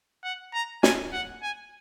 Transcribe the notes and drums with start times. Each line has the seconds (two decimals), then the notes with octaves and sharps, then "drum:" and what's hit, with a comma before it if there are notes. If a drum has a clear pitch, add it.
0.24 F#5
0.53 A#5
0.83 G#5, drum: snare
1.13 F#5
1.42 G#5